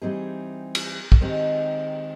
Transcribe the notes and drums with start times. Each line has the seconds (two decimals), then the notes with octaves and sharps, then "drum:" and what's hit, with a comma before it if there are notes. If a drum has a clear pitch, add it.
0.02 E3 G3 C4 D#4 G#4
0.75 drum: cymbal
1.12 drum: kick
1.21 D#3 G#3 C4 D#4 G4